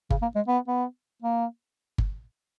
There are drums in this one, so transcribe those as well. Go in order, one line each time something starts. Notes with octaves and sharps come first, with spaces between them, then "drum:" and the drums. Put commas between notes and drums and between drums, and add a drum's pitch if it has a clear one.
C#3, drum: kick G1
A#3
G#3
B3
B3
A#3
drum: kick G1